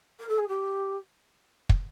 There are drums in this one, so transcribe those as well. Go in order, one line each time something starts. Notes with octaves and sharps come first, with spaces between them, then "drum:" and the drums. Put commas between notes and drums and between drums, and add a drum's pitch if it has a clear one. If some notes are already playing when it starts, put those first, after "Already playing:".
A#4
A4
G#4
G4
drum: kick